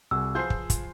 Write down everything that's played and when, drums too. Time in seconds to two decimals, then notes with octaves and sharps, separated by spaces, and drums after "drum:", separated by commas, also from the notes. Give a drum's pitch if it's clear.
0.11 C2 F#4 G#4 E6
0.35 F3 F4 G#4 B4 C5 G6 C7
0.50 drum: kick
0.70 drum: kick, hi-hat